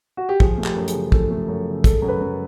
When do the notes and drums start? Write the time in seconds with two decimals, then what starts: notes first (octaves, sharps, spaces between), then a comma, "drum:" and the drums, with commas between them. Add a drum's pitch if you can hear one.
0.17 F#4
0.29 G4
0.40 F3 G#4, drum: kick
0.58 A3
0.64 G4, drum: clap
0.76 F#2
0.88 G#4, drum: hi-hat
0.94 C#3
1.12 F3 A4, drum: kick
1.31 A3
1.48 F#2
1.67 C#3
1.84 G#3 A4, drum: kick, hi-hat
2.02 F#2
2.08 B4
2.20 F#2